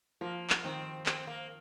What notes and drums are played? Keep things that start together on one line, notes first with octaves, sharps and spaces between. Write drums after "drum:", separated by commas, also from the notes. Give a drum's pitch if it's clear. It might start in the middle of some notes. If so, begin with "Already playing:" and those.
F3 A#3
drum: clap
D#3 C4
C4, drum: clap
A#3